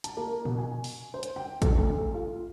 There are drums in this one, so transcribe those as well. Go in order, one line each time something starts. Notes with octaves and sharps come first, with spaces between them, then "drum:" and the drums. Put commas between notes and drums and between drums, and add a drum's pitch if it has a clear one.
A5, drum: hi-hat
A#3
B2, drum: tom A#2
G#5
drum: open hi-hat
C5
drum: hi-hat
G5
A4, drum: kick, hi-hat
D2
A4
F4